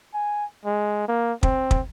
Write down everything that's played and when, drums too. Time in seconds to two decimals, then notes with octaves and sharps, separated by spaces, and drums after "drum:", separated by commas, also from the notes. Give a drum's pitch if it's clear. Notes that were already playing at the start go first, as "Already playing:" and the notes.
0.14 G#5
0.66 G#3
1.08 A#3
1.43 C4, drum: kick
1.71 drum: kick